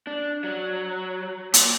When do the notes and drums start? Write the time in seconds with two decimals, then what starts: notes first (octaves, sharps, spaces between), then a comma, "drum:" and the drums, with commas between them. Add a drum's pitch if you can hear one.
0.07 D4
0.44 F#3
1.54 A#2, drum: hi-hat